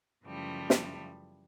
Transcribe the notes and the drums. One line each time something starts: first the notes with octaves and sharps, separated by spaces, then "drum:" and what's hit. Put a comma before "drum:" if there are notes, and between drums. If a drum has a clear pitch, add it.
F#2 C#3 E3 F3 G3 A3
drum: snare